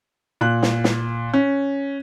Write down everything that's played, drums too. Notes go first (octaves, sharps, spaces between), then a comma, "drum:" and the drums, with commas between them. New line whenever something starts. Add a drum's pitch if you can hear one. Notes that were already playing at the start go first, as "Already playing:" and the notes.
A#2 F#6
drum: snare
drum: snare
C#4